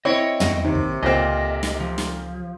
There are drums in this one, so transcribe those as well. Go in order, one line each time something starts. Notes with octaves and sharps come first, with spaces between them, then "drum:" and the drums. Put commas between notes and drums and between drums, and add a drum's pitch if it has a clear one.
C4 E4 C#5 D#5
drum: tom
D#2 C3 D#4
drum: kick
C#2 A#2 C4 A4 D#5 F6
drum: snare
F3
drum: snare